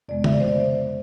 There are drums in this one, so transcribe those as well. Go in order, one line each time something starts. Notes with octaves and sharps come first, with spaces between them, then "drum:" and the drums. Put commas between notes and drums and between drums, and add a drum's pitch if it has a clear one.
F2 C3 G#3 B3 D5
E5, drum: tom C#3
D5
C5
D5